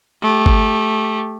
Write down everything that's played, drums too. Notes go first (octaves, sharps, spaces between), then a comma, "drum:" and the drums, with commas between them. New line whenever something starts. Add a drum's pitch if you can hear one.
A3 G4
drum: kick